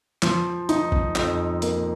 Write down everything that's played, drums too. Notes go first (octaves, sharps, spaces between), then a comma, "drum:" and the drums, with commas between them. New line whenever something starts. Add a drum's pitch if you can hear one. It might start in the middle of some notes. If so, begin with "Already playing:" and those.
F3, drum: clap
D#4, drum: hi-hat
drum: kick A#1
F2, drum: clap
A#3, drum: hi-hat